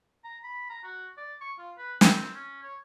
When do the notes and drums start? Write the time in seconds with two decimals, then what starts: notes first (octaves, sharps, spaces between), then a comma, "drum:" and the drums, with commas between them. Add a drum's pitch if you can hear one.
0.24 A#5
0.44 B5
0.70 A#5
0.84 F#4
1.17 D5
1.41 C#6
1.58 F4
1.78 B4
2.01 C4, drum: snare
2.34 C#4
2.63 C#5